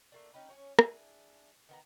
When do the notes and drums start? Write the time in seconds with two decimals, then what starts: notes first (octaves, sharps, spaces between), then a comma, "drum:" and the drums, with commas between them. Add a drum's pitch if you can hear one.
0.12 A3 A#3 D4
0.33 C#4 D#4 G4 B4
0.49 C#4 C#5 F#5 G#5
0.79 D4 E4 G#4, drum: rim click
1.69 D#3 B3 A#5